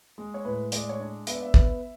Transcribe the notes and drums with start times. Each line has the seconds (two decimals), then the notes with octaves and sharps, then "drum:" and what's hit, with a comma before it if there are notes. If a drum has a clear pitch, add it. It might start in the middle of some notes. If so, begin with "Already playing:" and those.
0.18 G#3
0.34 C#5
0.45 A2 B4
0.72 G#3 D5, drum: hi-hat
0.89 C#5
1.00 D4 D5
1.27 B3 E5, drum: hi-hat
1.35 D5
1.43 E5
1.54 B3, drum: kick